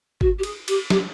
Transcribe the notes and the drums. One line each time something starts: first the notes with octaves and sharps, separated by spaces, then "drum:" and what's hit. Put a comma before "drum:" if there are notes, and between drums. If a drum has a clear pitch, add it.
F#4, drum: kick G#1
G4
G#4, drum: cymbal
G4, drum: cymbal
G4, drum: snare